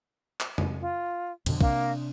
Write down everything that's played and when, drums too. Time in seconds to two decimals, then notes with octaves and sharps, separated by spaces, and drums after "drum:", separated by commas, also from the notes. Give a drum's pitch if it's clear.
0.40 drum: clap
0.58 drum: tom
0.81 F4
1.46 F2 B2 D3, drum: cymbal
1.61 C3 A#3 D4, drum: kick